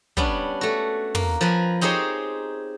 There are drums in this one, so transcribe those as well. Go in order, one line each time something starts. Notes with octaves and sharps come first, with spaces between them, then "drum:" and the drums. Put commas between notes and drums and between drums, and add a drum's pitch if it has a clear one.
G3 B3 C#4 D4, drum: kick
A3 F#4
A#3, drum: tom
F3 A#4 B4 G#5
C4 D#4 G4 G#4 C5 C#5